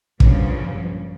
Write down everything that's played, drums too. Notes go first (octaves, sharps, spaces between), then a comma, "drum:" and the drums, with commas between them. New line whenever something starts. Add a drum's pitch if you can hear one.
G2 A#2 C#3 F3 F#3, drum: kick